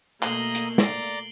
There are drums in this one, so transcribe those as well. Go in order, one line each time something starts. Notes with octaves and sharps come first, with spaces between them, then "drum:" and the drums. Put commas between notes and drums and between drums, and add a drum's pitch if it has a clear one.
B2 A3 A#3 D#5 A#5 C7 F#7 G7, drum: clap
drum: hi-hat
D5 A#5 C7 D7, drum: snare